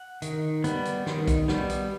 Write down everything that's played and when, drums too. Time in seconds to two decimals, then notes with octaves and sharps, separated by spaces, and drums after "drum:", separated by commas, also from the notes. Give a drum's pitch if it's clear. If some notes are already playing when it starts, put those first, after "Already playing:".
Already playing: F#5
0.22 D#3, drum: hi-hat
0.64 G3 B3, drum: hi-hat
0.85 drum: hi-hat
1.06 D#3, drum: snare
1.27 drum: kick, hi-hat
1.48 G3 B3, drum: snare
1.70 drum: hi-hat